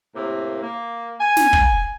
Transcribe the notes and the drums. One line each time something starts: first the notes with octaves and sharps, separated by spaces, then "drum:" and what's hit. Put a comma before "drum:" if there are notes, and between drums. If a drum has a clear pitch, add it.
A2 C3 A#3
A#3
G#5
drum: snare
drum: kick